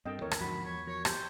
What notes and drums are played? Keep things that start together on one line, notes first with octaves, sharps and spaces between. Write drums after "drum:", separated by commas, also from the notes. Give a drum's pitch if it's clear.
G2 C4 A4 A#4 D#5 G5
D#2 E3 A3 A4 A#4 C#5
drum: rim click
E2 G#2 D3 F3 F#4 B5
E2 C#5
F3 F#4 A#4 C#5
G4 C5, drum: rim click